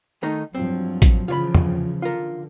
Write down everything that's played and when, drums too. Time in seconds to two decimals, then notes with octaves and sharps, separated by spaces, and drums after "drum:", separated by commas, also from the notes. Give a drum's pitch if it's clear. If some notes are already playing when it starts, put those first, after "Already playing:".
0.23 D#3 A3 D#4
0.55 G2 F3 F#3 C4
1.02 drum: kick, hi-hat
1.28 C#3 E3 F3 F4 C#5 B5
1.55 drum: tom
2.02 D3 F4 A#4